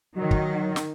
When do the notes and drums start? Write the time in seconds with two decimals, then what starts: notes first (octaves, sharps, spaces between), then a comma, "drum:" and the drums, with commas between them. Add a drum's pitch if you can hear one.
0.16 D#3 F#3
0.31 drum: kick
0.76 drum: snare